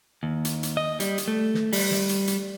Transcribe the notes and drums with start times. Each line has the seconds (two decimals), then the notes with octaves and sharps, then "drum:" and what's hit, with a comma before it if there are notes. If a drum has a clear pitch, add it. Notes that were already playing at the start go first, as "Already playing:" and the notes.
0.23 D#2
0.45 drum: hi-hat
0.63 drum: hi-hat
0.77 D#5
1.00 G3, drum: hi-hat
1.18 drum: hi-hat
1.28 A3
1.54 drum: snare
1.73 G3, drum: open hi-hat
1.91 drum: snare
2.09 drum: hi-hat
2.27 drum: hi-hat